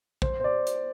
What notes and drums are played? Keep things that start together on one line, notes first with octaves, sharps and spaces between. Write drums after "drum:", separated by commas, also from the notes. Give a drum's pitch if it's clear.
C5, drum: kick
C5
D5
drum: hi-hat